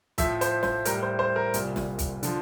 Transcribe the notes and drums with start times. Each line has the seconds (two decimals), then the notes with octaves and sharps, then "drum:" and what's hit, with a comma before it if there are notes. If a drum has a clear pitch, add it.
0.18 A2 F3 E5, drum: kick, hi-hat
0.41 C5, drum: hi-hat
0.63 C5, drum: snare
0.85 A2 G3 A#4, drum: hi-hat
1.03 C5
1.19 C5
1.36 A#4
1.54 C2 A#2 G3, drum: hi-hat
1.76 drum: snare
1.99 drum: kick, hi-hat
2.23 D3 F3, drum: hi-hat